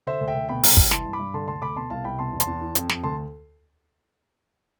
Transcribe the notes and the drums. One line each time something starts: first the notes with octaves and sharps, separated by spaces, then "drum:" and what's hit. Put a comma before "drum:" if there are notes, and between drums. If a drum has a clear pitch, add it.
D3 C5 E5
D2
E5 G5
D2
B2 G5 B5
C2, drum: open hi-hat
C2, drum: kick
E3 A5 C6, drum: snare
G2
B5 D6
G2
D3 A5 C6
D2 A5 C6
D2 B5 D6
B2 A5 C6
C2 F5 A5
C2 G5 B5
B2 A5 C6
E2
A5 C6, drum: hi-hat
E2
E3
F2, drum: hi-hat
F2, drum: snare
D2 A5 C6